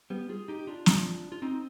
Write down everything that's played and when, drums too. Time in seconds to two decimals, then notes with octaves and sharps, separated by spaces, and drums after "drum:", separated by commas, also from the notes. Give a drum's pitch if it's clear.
0.10 G3 B3
0.29 F4 G#4
0.48 D#4 G4
0.59 G4
0.67 D4 F4
0.86 drum: snare
1.32 F4
1.42 C4 D#4